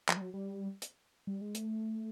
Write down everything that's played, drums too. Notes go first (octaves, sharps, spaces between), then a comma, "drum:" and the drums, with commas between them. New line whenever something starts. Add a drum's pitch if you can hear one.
F3, drum: clap
G3
F#3
G3
drum: hi-hat
G3
G#3
A3, drum: hi-hat